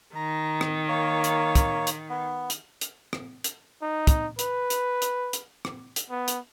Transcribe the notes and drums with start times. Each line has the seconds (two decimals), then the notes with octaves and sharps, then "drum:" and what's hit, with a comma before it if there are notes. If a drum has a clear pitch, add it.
0.15 D#3 A#5
0.61 drum: rim click
0.88 A#3 C#5
1.24 drum: hi-hat
1.55 drum: kick, hi-hat
1.87 drum: hi-hat
2.10 B3
2.50 drum: hi-hat
2.81 drum: hi-hat
3.13 drum: rim click
3.44 drum: hi-hat
3.82 D#4
4.07 drum: kick, hi-hat
4.39 B4, drum: hi-hat
4.70 drum: hi-hat
5.02 drum: hi-hat
5.33 drum: hi-hat
5.65 drum: rim click
5.96 drum: hi-hat
6.10 B3
6.28 drum: hi-hat